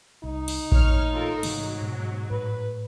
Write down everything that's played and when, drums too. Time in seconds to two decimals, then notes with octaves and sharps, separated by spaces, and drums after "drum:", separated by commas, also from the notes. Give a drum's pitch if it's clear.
0.24 C2 D#4
0.48 drum: cymbal
0.72 A#2 E3 A3 C#5 F6, drum: kick A1
1.12 F4 A4 A#4
1.43 G#2 C3 E3 F#3 A3, drum: cymbal
1.82 B2
2.31 A2 B4